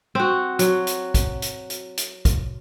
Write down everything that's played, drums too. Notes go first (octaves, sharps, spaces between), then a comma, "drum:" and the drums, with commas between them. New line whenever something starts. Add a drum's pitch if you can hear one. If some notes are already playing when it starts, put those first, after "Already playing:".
C4 F#4
F#3, drum: hi-hat
drum: hi-hat
drum: kick, hi-hat
drum: hi-hat
drum: hi-hat
drum: hi-hat
drum: kick, hi-hat